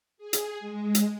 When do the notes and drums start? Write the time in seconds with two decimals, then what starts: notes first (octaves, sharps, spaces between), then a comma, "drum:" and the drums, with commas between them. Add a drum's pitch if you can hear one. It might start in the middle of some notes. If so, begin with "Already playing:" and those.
0.17 G#4
0.33 drum: hi-hat
0.60 G#3
0.95 drum: hi-hat